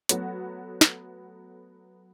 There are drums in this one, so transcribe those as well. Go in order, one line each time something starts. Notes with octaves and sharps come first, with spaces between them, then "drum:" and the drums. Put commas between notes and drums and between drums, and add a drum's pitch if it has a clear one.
F#3 A3 B3 F#4, drum: hi-hat
drum: snare